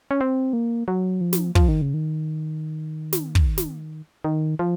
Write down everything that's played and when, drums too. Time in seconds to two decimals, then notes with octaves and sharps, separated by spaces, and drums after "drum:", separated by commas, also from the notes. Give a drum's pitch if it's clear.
0.11 C#4
0.21 C4
0.53 A#3
0.88 F#3
1.21 F3
1.33 drum: snare
1.55 F3, drum: kick
1.68 D#3
1.82 C#3
1.94 D#3
3.13 drum: snare
3.35 drum: kick
3.58 drum: snare
4.24 D#3
4.59 F3